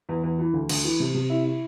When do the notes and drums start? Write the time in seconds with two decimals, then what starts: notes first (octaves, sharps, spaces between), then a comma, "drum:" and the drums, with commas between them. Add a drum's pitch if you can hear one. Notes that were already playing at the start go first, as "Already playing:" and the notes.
0.09 E2
0.23 E2
0.39 E3
0.53 D2
0.69 D2, drum: cymbal
0.84 E3
1.00 C3
1.14 C3
1.30 E4
1.45 E4